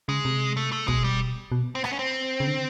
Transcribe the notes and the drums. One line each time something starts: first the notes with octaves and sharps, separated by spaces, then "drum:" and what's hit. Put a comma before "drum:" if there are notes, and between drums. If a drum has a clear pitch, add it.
C#3 G#3
C3
A3
A3
B2 G#3, drum: kick
G3
B2
C4
B3, drum: rim click
C#4
C4
C#3
D3